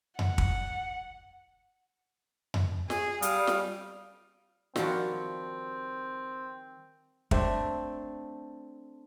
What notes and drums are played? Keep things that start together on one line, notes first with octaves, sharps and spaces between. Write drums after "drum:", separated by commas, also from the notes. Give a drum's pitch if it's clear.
F#5, drum: tom F2
drum: kick
drum: tom F2
G#4, drum: snare
G3 F5 D#6, drum: hi-hat
drum: snare
D#3 F3 G3 C4 F4 F#4, drum: snare
A3 C4 D4 E5, drum: kick